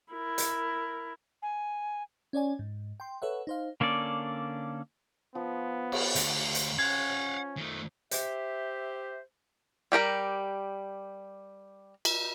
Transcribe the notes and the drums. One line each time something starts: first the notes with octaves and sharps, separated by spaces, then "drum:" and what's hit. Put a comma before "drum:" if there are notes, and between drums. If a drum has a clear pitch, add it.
E4 A#4
drum: hi-hat
G#5
C#4 C#5 D5 G#5
G#2
G5 C6
A4 B4 C#5 E5 F#5
D#4 C5 F5
D3 A#3 C#4 A4 D5
F3 B3
drum: cymbal
D2, drum: hi-hat
drum: hi-hat
C#4 F5 F#5 G#6
D#3 A3
G4 C5 E5, drum: hi-hat
G3 G4 A#4 A#5
drum: cymbal